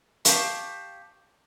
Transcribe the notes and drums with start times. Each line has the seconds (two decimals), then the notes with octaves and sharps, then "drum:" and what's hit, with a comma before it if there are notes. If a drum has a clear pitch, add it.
0.25 G4 F5 A5 C#6, drum: hi-hat